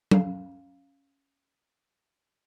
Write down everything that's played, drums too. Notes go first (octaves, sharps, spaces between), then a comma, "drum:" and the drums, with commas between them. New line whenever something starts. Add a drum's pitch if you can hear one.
C#4 F5, drum: tom F#3